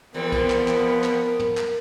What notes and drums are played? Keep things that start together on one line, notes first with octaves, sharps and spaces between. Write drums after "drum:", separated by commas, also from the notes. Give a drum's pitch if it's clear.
E2 F3 G3 B3 C4 A#4
drum: kick, tambourine
drum: clap
drum: clap
drum: clap
drum: tom
drum: clap